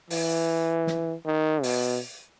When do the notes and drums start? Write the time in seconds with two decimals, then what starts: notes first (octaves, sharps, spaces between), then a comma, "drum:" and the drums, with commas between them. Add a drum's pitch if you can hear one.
0.10 E3, drum: open hi-hat
0.87 drum: snare
1.26 D#3
1.63 B2, drum: open hi-hat